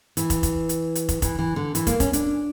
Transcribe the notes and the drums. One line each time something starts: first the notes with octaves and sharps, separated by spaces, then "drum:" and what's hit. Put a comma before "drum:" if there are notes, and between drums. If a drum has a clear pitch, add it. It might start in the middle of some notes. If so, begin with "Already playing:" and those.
E3, drum: hi-hat
drum: kick, hi-hat
drum: kick, hi-hat
drum: hi-hat
drum: hi-hat
drum: kick, hi-hat
E3, drum: kick, hi-hat
E3
D3
E3, drum: hi-hat
A#3, drum: kick, hi-hat
C#4, drum: kick, hi-hat
D4, drum: hi-hat